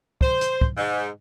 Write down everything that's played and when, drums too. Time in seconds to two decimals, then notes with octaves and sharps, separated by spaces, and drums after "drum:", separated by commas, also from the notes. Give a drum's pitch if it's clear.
0.21 C5, drum: kick
0.41 drum: hi-hat
0.61 drum: kick
0.77 G#2